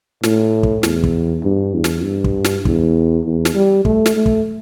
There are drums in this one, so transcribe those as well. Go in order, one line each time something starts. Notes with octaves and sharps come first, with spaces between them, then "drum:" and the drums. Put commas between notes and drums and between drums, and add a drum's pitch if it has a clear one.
A2, drum: snare
drum: kick
E2, drum: snare
drum: kick
G2
E2
drum: snare
G2
drum: kick
drum: snare
E2, drum: kick
E2
drum: snare
G3
A3, drum: kick
drum: snare
A3
drum: kick